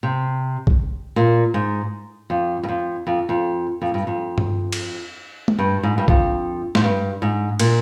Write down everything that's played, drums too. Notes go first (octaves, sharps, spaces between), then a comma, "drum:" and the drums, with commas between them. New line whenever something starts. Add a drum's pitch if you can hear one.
C3
drum: kick B1
A#2
G#2
F2
G2
F2
F2
F2
F2
G2
F2
drum: tom G2
drum: cymbal
drum: tom G#3
G2
G#2
G2
F2, drum: kick B1
G#2, drum: snare
G2
G#2
A#2, drum: cymbal